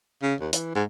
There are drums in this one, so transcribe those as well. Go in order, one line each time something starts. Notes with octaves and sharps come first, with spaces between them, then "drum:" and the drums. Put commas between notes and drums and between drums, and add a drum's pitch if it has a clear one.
C#3
D#2
E3, drum: hi-hat
G#2